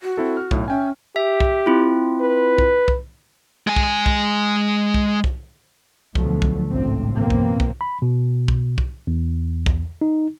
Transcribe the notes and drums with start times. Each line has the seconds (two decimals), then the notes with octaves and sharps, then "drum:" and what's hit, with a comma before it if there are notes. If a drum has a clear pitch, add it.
0.01 F#4
0.17 C4 E4 A4
0.37 F6
0.51 B1 A2, drum: kick
0.68 C#4 E5 G5 G#5
1.16 G4 E5
1.40 drum: kick
1.66 C4 E4 F4
2.20 B4
2.58 drum: kick
2.88 drum: kick
3.67 G#3 G#5
3.76 drum: kick
4.06 drum: kick
4.94 drum: kick
5.24 drum: kick
6.15 D2 B2 D3 F3 F#3 A3, drum: kick
6.42 drum: kick
6.71 G#1 C#2 A2 D3 C4
7.16 F#2 B2 E3 A#3 C4
7.30 drum: kick
7.60 drum: kick
7.81 B5
8.02 B2
8.48 drum: kick
8.78 drum: kick
9.07 E2
9.66 drum: kick
10.01 D#4